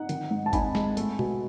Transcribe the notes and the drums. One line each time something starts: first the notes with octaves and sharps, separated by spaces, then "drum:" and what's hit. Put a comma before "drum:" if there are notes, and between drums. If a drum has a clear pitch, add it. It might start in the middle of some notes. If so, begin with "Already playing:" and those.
Already playing: D#4 F#5
D#3, drum: hi-hat
G#2
A5
D#4 G#5 B5, drum: kick G1, hi-hat
G#3, drum: snare
A3, drum: hi-hat
B2, drum: tom